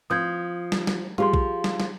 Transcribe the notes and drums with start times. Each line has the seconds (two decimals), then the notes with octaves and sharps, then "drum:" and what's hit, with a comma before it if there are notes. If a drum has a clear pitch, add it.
0.10 F3 C4 D#6 G6 G#6
0.72 drum: snare
0.87 drum: snare
1.18 F3 F4 G4 G#4 C6, drum: tom G3
1.33 drum: kick B1
1.64 drum: snare
1.80 drum: snare